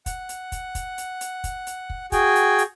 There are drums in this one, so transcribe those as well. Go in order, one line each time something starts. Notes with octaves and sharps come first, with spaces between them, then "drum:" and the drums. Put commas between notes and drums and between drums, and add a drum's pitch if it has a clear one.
F#5, drum: kick, hi-hat
drum: hi-hat
drum: kick, hi-hat
drum: kick, hi-hat
drum: hi-hat
drum: hi-hat
drum: kick, hi-hat
drum: hi-hat
drum: kick
F#4 G#4 G5 G#5, drum: kick, hi-hat
drum: hi-hat
drum: hi-hat